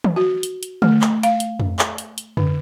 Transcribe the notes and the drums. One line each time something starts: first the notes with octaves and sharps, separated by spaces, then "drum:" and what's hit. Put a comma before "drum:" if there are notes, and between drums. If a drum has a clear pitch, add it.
drum: tom D#3
F#4
drum: hi-hat
drum: hi-hat
A3, drum: tom D3
drum: clap
F5, drum: hi-hat
drum: hi-hat
drum: tom F2
drum: clap
drum: hi-hat
drum: hi-hat
D3, drum: tom F2